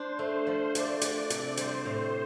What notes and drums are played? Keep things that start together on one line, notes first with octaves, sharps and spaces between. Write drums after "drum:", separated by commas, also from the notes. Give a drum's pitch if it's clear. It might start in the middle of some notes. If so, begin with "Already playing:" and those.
Already playing: D4 C5
A3
F3
A3 D5, drum: hi-hat
D4, drum: hi-hat
C3, drum: hi-hat
G3 C5, drum: hi-hat
A2